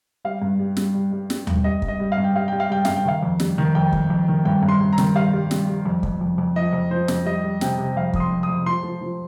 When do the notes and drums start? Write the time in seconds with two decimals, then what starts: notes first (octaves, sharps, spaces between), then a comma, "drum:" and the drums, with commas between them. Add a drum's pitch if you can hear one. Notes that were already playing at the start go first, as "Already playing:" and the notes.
0.25 G3 F5
0.42 G2
0.59 G3
0.77 G3, drum: snare
0.94 G3
1.12 G3
1.30 G3, drum: snare
1.47 G2, drum: tom D#2
1.64 G3 D#5
1.82 G2, drum: kick
1.88 D#5
2.00 G3
2.12 F5
2.17 G2
2.24 G5
2.35 G3 F5
2.48 G3 G5
2.60 F5
2.70 G3 G5
2.85 G2 F5, drum: snare
2.96 G5
3.05 D#3 F5
3.23 F2
3.40 G3, drum: snare
3.58 D#3
3.75 F2 G5
3.93 F2, drum: kick
4.10 F2
4.28 D#3
4.45 G2 G5
4.63 G2
4.69 C6
4.81 G2
4.93 A#5
4.98 D#3, drum: snare
5.15 G3 F5
5.33 G3
5.51 G3, drum: snare
5.69 G3
5.86 F2
6.03 F2, drum: kick
6.21 F2
6.38 F2
6.56 F3 D#5
6.73 F2
6.91 F3 C5
7.08 F2, drum: snare
7.26 G3 D#5
7.44 G3
7.61 C3 G5, drum: snare
7.78 C3
7.96 F2 F5
8.13 F2 D#6, drum: kick
8.20 C6
8.31 F2
8.43 D#6
8.49 F2
8.66 F3 C6
8.84 F3
9.02 F3